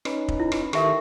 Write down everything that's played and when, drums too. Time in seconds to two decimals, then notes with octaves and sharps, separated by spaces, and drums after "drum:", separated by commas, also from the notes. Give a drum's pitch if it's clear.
0.05 C#4 D#4 B4, drum: rim click
0.28 drum: kick
0.40 E4
0.52 drum: rim click
0.73 D#3 G4 A4 A#4 E5 C#6, drum: rim click